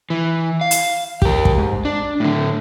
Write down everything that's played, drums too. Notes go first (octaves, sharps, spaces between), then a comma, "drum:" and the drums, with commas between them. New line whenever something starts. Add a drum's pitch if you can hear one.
E3
F5
drum: hi-hat
G4 A#4, drum: kick
drum: kick
G#2
D4
A2 D3